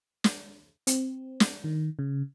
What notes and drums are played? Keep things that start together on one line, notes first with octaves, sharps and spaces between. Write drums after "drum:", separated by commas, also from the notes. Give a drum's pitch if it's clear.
drum: snare
C4, drum: hi-hat
drum: snare
D#3
C#3